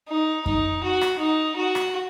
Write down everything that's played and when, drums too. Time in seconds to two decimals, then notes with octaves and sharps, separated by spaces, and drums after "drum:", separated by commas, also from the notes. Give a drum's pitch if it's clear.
0.09 D#4
0.46 D#4, drum: kick F#2
0.84 F#4
1.01 drum: rim click
1.19 D#4
1.57 F#4
1.75 drum: rim click